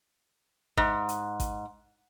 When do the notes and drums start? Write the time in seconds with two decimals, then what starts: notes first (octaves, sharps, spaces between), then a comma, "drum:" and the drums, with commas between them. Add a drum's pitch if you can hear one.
0.77 G#2, drum: kick A1
1.09 drum: hi-hat
1.40 drum: kick A1, hi-hat